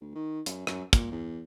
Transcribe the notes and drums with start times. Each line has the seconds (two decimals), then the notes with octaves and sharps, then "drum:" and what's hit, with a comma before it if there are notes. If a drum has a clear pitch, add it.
0.01 D2
0.15 D#3
0.46 F#2, drum: hi-hat
0.67 F#2, drum: rim click
0.93 A#2, drum: kick, hi-hat
1.12 E2